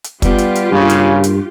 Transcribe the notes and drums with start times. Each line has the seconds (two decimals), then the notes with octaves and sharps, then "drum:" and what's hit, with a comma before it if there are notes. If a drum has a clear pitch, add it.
0.04 drum: hi-hat
0.22 G3 B3 F4 G4, drum: kick, hi-hat
0.38 drum: hi-hat
0.55 drum: hi-hat
0.72 G2 C#3 A#3
0.89 drum: hi-hat
1.24 drum: hi-hat